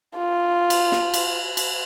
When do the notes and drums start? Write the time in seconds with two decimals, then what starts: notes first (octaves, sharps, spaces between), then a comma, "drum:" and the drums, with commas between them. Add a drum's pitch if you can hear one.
0.16 F4
0.70 drum: cymbal
0.92 drum: snare
1.14 drum: cymbal
1.57 drum: cymbal